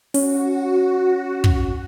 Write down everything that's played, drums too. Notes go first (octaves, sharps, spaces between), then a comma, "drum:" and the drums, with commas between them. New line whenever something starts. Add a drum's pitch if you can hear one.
C#4 F#4, drum: open hi-hat
drum: kick